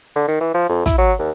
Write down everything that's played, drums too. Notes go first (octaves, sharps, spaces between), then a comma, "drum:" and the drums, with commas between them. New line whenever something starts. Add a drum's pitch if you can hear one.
D3
D#3
E3
F3
F2
E4, drum: kick, hi-hat
F#3
D#2